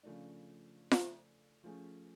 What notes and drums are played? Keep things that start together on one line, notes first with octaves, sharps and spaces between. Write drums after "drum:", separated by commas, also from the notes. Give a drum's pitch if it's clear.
C#3 F3 A3 D4
drum: snare F4
F3 A3 C#4 G#4